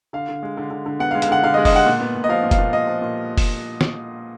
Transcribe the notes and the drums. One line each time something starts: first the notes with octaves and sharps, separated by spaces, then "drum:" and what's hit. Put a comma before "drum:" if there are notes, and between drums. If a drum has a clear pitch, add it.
D3 F5
D3
G#3
D3
D3
D3
B3 F#5
F5
G#3
F5, drum: hi-hat
D3 F#5
D3 F5
D#5
G#3
D#5, drum: kick F1, open hi-hat
D3 F#5
A#2
B3
A#2
D#5
F3 F5
A#2
F5, drum: kick F1, hi-hat
A#2
A#2 D#5
F3
A#2
drum: kick F1, open hi-hat
drum: snare